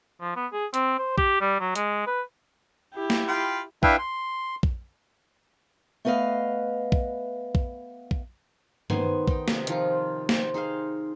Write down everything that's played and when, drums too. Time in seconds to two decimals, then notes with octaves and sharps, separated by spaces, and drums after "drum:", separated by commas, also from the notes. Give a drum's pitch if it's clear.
0.21 F3
0.36 B3
0.53 G#4
0.74 C4, drum: hi-hat
0.99 C5
1.18 G4, drum: kick
1.41 G3
1.60 F#3
1.75 G#3, drum: hi-hat
2.07 B4
2.94 E4 G4
3.10 drum: snare A#3
3.28 F4 G5 B5
3.83 D4 E4 B4 E5 F5 G5, drum: kick
3.98 C6
4.63 drum: kick
6.05 A3 B3 B4 D#5 F5
6.92 drum: kick
7.55 drum: kick
8.11 drum: kick
8.90 D#3 B3 C5 G#5, drum: tom
9.28 D#4 G5, drum: kick
9.48 C3, drum: snare A#3
9.67 D#3 F3 D#4 F4, drum: hi-hat
10.29 C5, drum: snare A#3
10.54 D#4 G#4 C5 F5